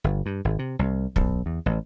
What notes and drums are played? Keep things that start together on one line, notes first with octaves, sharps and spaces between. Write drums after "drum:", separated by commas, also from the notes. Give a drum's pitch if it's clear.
G1
G2
G#1
C3
C2
B1, drum: kick
E2
A1